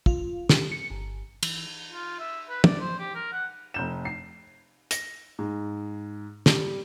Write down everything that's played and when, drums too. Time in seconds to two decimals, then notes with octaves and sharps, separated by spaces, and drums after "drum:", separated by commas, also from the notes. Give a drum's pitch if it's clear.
0.06 F4, drum: kick
0.49 G4, drum: snare
0.72 C#7
0.90 G1
1.43 E3, drum: cymbal
1.92 F4
2.20 E5
2.49 B4
2.64 D5, drum: tom
2.80 C5
2.99 G4
3.15 A#4
3.32 F#5
3.74 F1 G6 E7
4.05 C7
4.91 A#6, drum: hi-hat
5.39 G#2
6.46 G3, drum: snare